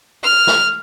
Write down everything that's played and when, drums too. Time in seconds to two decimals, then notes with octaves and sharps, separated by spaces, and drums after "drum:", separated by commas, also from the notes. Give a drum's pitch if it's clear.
0.23 F6
0.47 drum: snare